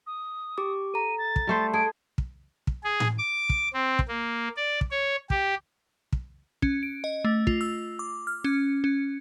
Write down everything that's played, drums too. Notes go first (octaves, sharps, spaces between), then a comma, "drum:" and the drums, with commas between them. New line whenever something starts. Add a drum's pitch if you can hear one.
D#6
G4 D6
A4 A#5 D#7
A6
drum: kick
G3 A3 C5
G#4 A4 A5 D7
drum: kick
drum: kick
G#4
drum: tom A2
D6
drum: kick
C4
drum: kick
A#3
D5
drum: kick
C#5
G4, drum: kick
drum: kick
C#4, drum: kick
D7
D#5
A3
F4, drum: kick
E6
D6
F6
C#4
C#4